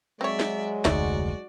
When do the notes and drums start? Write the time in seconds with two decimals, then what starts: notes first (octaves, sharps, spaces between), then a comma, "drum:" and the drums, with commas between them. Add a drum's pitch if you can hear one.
0.21 F#3 G#3 C4 C#5 D5 E5
0.40 drum: snare
0.85 F1 D2 D#4 F#4 C#5 D5 E5, drum: snare